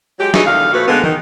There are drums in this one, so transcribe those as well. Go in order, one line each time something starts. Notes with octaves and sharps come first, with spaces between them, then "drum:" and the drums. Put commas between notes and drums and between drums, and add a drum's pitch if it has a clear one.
F#3 G#3 G4
C#3 E3 D#4 F#4 G#4, drum: snare
E2 D3 D#3 F5
A#2 F3 A3 F#4 B4
D3 G#3 A#3 B3
D#3, drum: tom